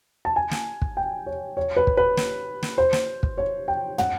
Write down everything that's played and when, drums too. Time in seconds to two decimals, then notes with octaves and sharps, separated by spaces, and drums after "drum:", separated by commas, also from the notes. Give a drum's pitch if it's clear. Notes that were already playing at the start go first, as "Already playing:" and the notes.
0.25 A5
0.36 G#5
0.51 drum: snare
0.82 drum: kick
0.97 G5
1.26 C#5
1.57 C#5
1.76 B4
1.87 drum: kick
1.97 B4
2.17 drum: snare
2.63 drum: snare
2.78 C5
2.93 drum: snare
3.23 drum: kick
3.38 C#5
3.68 G5
3.98 F#5, drum: tom